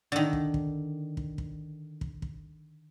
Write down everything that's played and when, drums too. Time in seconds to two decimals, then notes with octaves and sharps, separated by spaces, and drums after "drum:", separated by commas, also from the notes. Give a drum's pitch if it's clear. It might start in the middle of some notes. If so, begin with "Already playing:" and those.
0.12 D3 D#3
0.33 drum: kick
0.54 drum: kick
1.17 drum: kick
1.38 drum: kick
2.01 drum: kick
2.22 drum: kick